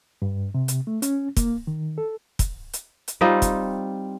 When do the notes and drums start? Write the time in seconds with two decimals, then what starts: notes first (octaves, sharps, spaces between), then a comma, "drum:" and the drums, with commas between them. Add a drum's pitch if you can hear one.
0.22 G2
0.55 C3
0.68 drum: hi-hat
0.87 A3
1.02 C#4, drum: hi-hat
1.37 A#3, drum: kick, hi-hat
1.67 D#3
1.98 A4
2.39 drum: kick, hi-hat
2.73 drum: hi-hat
3.08 drum: hi-hat
3.21 G3 C4 D#4 F4
3.42 drum: kick, hi-hat